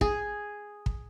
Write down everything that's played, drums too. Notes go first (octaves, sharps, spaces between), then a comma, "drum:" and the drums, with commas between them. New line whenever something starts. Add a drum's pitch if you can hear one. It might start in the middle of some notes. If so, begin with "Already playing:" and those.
G#4, drum: kick
drum: kick